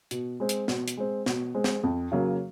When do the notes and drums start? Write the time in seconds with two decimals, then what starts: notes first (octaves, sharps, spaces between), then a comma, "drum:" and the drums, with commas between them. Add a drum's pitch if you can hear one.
0.11 B2, drum: hi-hat
0.40 G#3 C4
0.49 drum: hi-hat
0.68 B2, drum: snare
0.88 drum: hi-hat
0.97 G#3 C4
1.26 B2, drum: snare
1.55 G#3 C4
1.64 drum: snare
1.83 F2
2.12 C#3 F#3 A#3